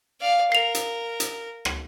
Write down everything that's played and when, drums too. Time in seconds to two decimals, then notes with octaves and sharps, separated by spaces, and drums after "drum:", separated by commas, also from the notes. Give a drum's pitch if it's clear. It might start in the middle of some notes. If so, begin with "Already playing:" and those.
0.21 D5 F5
0.52 A#4 C7 F7
0.75 drum: hi-hat
1.20 drum: hi-hat
1.65 drum: rim click